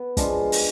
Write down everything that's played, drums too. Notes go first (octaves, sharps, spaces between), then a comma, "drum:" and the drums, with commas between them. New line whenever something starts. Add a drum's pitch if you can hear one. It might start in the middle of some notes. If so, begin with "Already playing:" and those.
Already playing: B3
F3 G#3 D4 F4, drum: kick, hi-hat
drum: open hi-hat